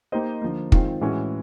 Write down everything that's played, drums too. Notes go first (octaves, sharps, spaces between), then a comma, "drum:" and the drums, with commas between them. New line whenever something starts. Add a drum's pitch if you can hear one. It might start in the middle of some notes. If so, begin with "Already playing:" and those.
A#3 D#4 G4 C5 D#5
D3 F3 A#3
D#3 G#3 C4 F4, drum: kick
A2 E3 G#3 C#4 F#4